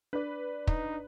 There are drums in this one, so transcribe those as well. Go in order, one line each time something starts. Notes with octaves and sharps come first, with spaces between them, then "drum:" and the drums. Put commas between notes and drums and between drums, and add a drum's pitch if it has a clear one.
D4 B4 D5
D#4, drum: kick